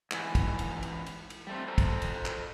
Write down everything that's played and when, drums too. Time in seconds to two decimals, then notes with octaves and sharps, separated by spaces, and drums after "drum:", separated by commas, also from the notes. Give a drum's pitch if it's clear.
0.11 G#2 E3, drum: clap
0.35 drum: kick, cymbal
0.59 drum: cymbal
0.83 drum: cymbal
1.06 drum: cymbal
1.30 drum: cymbal
1.47 G3 A3 C4
1.68 A4 C5 A5 A#5
1.78 drum: kick, cymbal
2.02 drum: cymbal
2.25 drum: clap